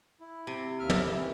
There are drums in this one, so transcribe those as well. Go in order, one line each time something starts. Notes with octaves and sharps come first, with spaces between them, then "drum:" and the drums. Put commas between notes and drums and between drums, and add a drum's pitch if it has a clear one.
E4
C3
D#2 E5 F6
drum: tom
C#3 E4 E5
D#3 E3